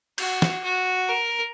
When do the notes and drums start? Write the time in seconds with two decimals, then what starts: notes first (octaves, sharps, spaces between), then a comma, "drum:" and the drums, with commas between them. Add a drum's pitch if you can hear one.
0.18 F#4, drum: cymbal
0.42 drum: snare
0.63 F#4
1.08 A#4